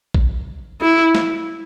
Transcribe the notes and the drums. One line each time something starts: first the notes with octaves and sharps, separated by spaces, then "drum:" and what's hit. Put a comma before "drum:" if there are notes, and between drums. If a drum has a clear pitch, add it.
drum: kick A1
E4
drum: snare